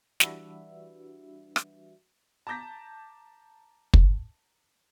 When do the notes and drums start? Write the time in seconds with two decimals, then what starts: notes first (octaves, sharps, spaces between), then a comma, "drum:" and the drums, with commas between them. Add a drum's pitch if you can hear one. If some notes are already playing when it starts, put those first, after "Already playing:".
0.20 E3 G3 D4 F#4 B4 E5, drum: snare
1.56 drum: rim click
2.47 A5 A#5 D6 G6 A#6 B6
3.94 drum: kick